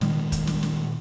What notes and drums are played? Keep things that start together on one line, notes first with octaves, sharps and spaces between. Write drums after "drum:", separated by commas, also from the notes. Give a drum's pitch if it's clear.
A#2 D#3 G#3, drum: snare
drum: kick, hi-hat
drum: snare
drum: snare